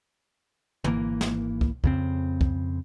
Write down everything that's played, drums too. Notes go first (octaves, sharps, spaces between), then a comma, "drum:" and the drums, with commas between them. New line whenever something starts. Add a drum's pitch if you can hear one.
G#1 E3 A#3, drum: tom
drum: snare
drum: kick
F2 C#3 C4, drum: kick
drum: kick